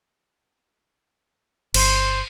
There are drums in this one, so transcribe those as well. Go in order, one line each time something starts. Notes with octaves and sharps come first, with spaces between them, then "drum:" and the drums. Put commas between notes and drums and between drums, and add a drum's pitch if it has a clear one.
G1 C5, drum: cymbal